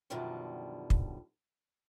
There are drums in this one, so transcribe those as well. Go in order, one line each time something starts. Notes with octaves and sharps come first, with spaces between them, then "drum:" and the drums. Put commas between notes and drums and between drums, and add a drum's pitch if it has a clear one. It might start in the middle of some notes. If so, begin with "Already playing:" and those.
F#2 B2 D3 D#3 F3 G3
drum: kick